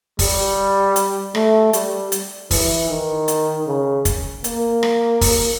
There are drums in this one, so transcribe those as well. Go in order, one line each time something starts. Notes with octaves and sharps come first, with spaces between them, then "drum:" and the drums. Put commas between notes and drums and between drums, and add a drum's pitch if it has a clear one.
G3, drum: kick, open hi-hat
drum: hi-hat
A3, drum: rim click
G3, drum: hi-hat
drum: hi-hat
E3, drum: kick, open hi-hat
D#3
drum: hi-hat
C#3
drum: kick, hi-hat
A#3, drum: hi-hat
drum: rim click
drum: kick, open hi-hat